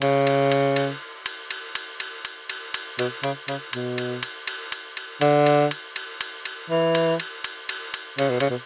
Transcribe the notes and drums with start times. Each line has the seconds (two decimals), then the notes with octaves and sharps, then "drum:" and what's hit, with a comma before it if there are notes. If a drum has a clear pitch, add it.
0.02 C#3, drum: cymbal
0.27 drum: cymbal
0.52 drum: cymbal
0.76 drum: cymbal
1.26 drum: cymbal
1.51 drum: cymbal
1.75 drum: cymbal
2.00 drum: cymbal
2.25 drum: cymbal
2.49 drum: cymbal
2.74 drum: cymbal
2.99 B2, drum: cymbal
3.23 C#3, drum: cymbal
3.48 C#3, drum: cymbal
3.73 B2, drum: cymbal
3.98 drum: cymbal
4.23 drum: cymbal
4.47 drum: cymbal
4.72 drum: cymbal
4.97 drum: cymbal
5.21 D3, drum: cymbal
5.46 drum: cymbal
5.71 drum: cymbal
5.96 drum: cymbal
6.21 drum: cymbal
6.45 drum: cymbal
6.70 E3
6.95 drum: cymbal
7.20 drum: cymbal
7.44 drum: cymbal
7.69 drum: cymbal
7.94 drum: cymbal
8.18 C#3, drum: cymbal
8.30 B2
8.40 C#3, drum: cymbal
8.50 B2